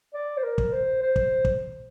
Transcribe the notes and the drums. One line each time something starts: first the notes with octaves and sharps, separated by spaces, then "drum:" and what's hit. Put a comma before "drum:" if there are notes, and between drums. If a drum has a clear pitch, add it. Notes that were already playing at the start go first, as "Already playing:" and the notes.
D5
C5
A#4
drum: kick
C5
C5
drum: kick
drum: kick